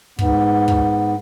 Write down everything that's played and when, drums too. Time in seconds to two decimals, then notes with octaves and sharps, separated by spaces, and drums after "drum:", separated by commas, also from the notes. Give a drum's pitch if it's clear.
0.19 G#2 B3, drum: kick
0.68 drum: kick